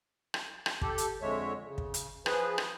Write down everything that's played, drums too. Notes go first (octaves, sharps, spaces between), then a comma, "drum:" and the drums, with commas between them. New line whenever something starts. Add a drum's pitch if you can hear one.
drum: rim click
drum: rim click
G4 A4, drum: kick
drum: hi-hat
F2 D3 G#3 C#5 E5
C#3
drum: kick
drum: hi-hat
F3 G#4 B4, drum: rim click
drum: rim click